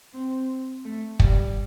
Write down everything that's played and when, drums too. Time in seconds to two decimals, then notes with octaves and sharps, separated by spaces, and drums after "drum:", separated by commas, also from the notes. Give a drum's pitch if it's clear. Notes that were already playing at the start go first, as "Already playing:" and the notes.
0.14 C4
0.85 A3
1.20 G3, drum: kick